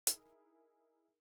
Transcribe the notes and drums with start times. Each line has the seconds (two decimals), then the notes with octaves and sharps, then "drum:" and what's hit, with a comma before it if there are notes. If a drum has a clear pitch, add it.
0.07 D#4 E4 G#4 A#4, drum: hi-hat